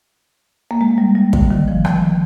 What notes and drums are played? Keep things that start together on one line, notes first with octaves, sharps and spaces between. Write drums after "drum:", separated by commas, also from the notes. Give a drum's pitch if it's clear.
A#3
G#3
G3
G3
D3, drum: kick
D#3
F3
D#3, drum: rim click
D3